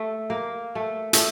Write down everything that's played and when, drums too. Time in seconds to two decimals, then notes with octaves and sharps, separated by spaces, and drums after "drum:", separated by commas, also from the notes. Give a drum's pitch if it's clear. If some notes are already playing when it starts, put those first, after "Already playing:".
Already playing: A3
0.30 A#3
0.75 A3
1.13 A3, drum: hi-hat